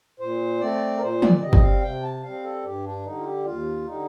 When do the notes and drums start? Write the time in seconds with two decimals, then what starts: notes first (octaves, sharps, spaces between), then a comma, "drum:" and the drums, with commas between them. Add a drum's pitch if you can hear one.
0.20 A#2 C5
0.61 A3 C4 D5
0.97 A#4
1.02 A#2 C5
1.22 D5, drum: tom
1.42 G3 C4 D#5
1.53 drum: kick
1.62 F5
1.82 C3 G5
2.03 A5
2.23 G3 C4 F5
2.43 A4
2.63 G2 G4
2.84 D4
3.04 D3 G3 D#4
3.19 F4
3.25 G4
3.44 D#2 F4
3.85 D3 G3 D#4